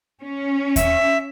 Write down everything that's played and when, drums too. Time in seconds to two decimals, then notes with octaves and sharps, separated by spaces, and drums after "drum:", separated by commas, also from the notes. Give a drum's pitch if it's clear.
0.23 C#4
0.76 E5, drum: kick D#2, hi-hat